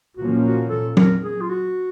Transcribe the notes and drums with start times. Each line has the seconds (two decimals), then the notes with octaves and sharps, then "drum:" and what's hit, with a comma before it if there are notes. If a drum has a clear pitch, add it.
0.17 A#2 F3 A#3 C#4 F#4
0.44 F#4
0.70 A4
0.97 A#4, drum: tom
1.23 G#4
1.41 F4
1.50 F#4